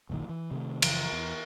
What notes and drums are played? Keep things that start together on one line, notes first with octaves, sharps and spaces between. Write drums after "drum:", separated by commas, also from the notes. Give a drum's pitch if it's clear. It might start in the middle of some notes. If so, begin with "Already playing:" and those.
F#1 B1 A#2 D#3
E3
C3 D#3 A3
F#1 C#3 E3 F3, drum: cymbal
E2